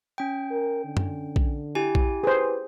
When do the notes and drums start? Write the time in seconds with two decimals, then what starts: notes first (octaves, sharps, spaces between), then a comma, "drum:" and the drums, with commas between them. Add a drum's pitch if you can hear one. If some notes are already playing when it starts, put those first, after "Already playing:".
0.18 C#4 G5
0.51 A#4
0.85 D3
0.97 drum: tom F#2
1.36 drum: kick A#1
1.75 E4 G4 G#5
1.95 drum: kick A#1
2.24 G#4 B4 C5